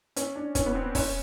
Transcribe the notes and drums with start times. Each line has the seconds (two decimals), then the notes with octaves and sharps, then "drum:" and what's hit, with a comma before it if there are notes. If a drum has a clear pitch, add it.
0.16 C#4, drum: hi-hat
0.36 D4
0.55 C#4, drum: kick, hi-hat
0.66 B3
0.75 C4
0.95 C#4, drum: kick, open hi-hat